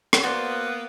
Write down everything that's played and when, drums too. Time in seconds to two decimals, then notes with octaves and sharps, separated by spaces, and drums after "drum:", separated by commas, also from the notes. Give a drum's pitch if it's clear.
0.13 drum: rim click
0.23 A#3 B3 F#4 C5 D5